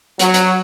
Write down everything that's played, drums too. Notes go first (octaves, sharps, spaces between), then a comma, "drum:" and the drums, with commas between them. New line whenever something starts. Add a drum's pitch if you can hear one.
F#3, drum: hi-hat
drum: hi-hat